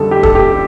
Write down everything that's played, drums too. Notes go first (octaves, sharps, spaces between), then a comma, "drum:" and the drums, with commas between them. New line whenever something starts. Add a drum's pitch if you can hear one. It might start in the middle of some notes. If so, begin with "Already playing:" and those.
Already playing: F2 D3 G3 A4
G4
A4, drum: kick
G4